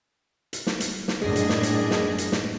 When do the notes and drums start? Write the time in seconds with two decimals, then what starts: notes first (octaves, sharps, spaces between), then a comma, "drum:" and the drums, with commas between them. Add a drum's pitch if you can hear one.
0.53 drum: hi-hat
0.67 drum: snare
0.80 drum: hi-hat
1.08 drum: snare
1.22 F#2 A2 D4 G#4 D#5
1.36 drum: hi-hat
1.49 drum: snare
1.63 drum: hi-hat
1.91 drum: snare
2.18 drum: hi-hat
2.32 drum: snare